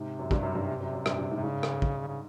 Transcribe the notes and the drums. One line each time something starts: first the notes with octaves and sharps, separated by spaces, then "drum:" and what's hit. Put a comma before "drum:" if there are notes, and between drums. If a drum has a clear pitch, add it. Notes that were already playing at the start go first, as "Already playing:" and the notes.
Already playing: G#2 C3
F#2
G2, drum: kick
F#2
G2
F#2
F#2
G2, drum: rim click
G2
G#2
C3
G#2 C#3
drum: rim click
drum: kick
C#3